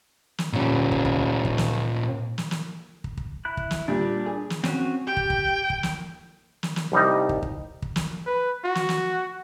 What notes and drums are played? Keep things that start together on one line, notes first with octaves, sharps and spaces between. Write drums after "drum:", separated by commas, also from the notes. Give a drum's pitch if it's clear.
drum: snare
A#2 C#4
drum: kick
drum: kick
drum: kick
drum: snare
drum: snare
drum: snare
drum: kick
drum: kick
E4 B5 F#6
drum: kick
drum: snare
A#2 G3 D4
G#4
drum: snare
C4 C#4 F#4, drum: snare
G4 G5
drum: kick
drum: kick
drum: kick
drum: snare
drum: snare
drum: snare
C2 G3 D#4
drum: kick
drum: kick
drum: kick
drum: snare
B4
F#4
drum: snare
drum: snare